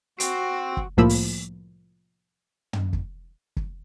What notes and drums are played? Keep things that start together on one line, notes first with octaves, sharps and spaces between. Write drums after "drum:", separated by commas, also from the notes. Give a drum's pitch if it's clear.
C4 F#4, drum: hi-hat
drum: kick
C2 A2 F3 A#3 B5 E6
drum: open hi-hat
drum: tom
drum: kick
drum: kick